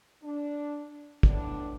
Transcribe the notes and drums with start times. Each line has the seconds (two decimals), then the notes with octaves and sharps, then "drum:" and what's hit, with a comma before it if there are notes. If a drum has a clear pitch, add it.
0.24 D4
1.23 A2 B3 D4, drum: kick